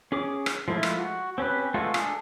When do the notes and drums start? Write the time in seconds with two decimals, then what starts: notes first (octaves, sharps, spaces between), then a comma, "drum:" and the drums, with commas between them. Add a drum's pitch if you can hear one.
0.12 C#4 G#4 D6
0.46 drum: rim click
0.68 F3 G#3 A3 E4 F4
0.83 drum: rim click
0.99 F#4
1.38 C4 C#4 G4 B4
1.74 G#3 A3 F4 F#4 A4
1.94 D4 G#4 A4, drum: rim click